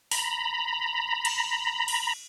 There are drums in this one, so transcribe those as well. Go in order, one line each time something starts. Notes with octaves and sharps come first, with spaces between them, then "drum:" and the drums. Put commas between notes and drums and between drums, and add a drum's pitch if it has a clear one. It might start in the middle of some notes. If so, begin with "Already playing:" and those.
A#5 B5, drum: open hi-hat
drum: cymbal
drum: cymbal